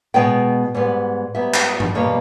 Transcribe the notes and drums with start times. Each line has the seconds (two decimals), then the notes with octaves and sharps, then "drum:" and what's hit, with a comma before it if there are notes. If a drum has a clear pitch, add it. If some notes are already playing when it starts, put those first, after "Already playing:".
0.14 B2 G#3 B3 G5
0.74 G#2 G3 B3
1.35 G#2 G3 B3 E5
1.54 drum: clap
1.80 drum: tom G2
1.95 B2 G3 A#3 C#5